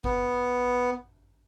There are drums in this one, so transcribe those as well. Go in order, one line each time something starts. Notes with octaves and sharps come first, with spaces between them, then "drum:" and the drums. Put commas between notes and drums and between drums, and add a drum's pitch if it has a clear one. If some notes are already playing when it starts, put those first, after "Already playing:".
B3, drum: kick F#1